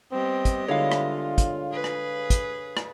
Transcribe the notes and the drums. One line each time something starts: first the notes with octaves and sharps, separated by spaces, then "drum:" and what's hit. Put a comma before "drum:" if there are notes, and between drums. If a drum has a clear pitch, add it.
G3 B3 C4 D#5
drum: kick, hi-hat
D3 G#3 E4 F4 C#5 F5
drum: rim click
drum: kick, hi-hat
G#4 B4
drum: rim click
drum: kick, hi-hat
drum: rim click